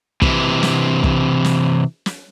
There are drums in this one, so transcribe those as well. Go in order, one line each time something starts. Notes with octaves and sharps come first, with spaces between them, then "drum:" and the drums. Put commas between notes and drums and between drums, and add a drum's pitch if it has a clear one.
C3 E3, drum: kick
drum: snare
drum: kick
drum: snare
drum: snare